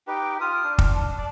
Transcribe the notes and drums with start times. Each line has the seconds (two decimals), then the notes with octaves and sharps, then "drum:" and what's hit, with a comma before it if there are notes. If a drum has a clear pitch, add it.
0.07 D#4 G4 B4 G5
0.41 F4 D#6 F6
0.64 D4
0.78 drum: kick
0.96 A5
1.18 D5